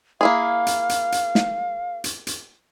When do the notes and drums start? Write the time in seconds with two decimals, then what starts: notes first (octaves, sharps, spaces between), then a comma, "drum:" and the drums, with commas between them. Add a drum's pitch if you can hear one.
0.21 A#3 E4 G#4 F5
0.67 drum: hi-hat
0.89 drum: hi-hat
1.12 drum: hi-hat
1.35 drum: snare
2.04 drum: hi-hat
2.27 drum: hi-hat